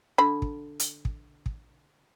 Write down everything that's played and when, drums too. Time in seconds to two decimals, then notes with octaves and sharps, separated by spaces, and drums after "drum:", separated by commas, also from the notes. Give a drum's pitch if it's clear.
0.18 D3 B5
0.42 drum: kick
0.80 drum: hi-hat
1.05 drum: kick
1.46 drum: kick